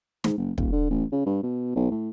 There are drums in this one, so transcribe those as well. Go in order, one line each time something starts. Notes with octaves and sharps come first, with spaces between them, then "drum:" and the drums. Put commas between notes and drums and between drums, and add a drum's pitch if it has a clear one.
G#2, drum: snare
F#1
D#1, drum: kick
D3
A1
C#3
G2
B2
B1
A2